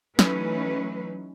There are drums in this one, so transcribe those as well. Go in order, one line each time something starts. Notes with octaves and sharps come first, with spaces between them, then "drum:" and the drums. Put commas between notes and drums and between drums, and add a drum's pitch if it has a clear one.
E3 F#3 A3 C#4 D#4 B4, drum: snare